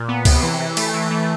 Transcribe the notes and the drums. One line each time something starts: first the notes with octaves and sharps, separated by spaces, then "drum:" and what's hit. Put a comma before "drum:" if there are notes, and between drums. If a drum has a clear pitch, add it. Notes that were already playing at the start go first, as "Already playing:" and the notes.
Already playing: A#2
B3
C3, drum: kick, cymbal
E3
E3
A3, drum: cymbal
E3
A3